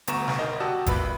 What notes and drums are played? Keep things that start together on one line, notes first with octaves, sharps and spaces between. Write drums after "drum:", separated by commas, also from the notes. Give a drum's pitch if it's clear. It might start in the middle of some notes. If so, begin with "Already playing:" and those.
G1 D2 B3 A#5 C#6 E7, drum: hi-hat
drum: snare
G1 D#3 A#4 D#5
F#4 G4 D5 A5 D#6 E6
C2 A#2 B4 B5, drum: kick, hi-hat